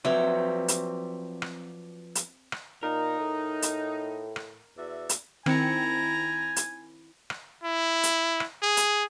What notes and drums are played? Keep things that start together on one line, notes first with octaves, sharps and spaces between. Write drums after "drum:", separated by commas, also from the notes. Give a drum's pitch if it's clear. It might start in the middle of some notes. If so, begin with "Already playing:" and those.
F3 F#3 C4 B4 C#5 D5 E5
drum: hi-hat
drum: rim click
drum: hi-hat
drum: rim click
A#2 D#4 A#4
A2
drum: hi-hat
drum: rim click
E2 F#4 D5 E5
drum: hi-hat
D#3 C4 E4 G#5 A#5 C#7, drum: rim click
drum: hi-hat
drum: rim click
E4
drum: hi-hat
drum: rim click
G#4
drum: hi-hat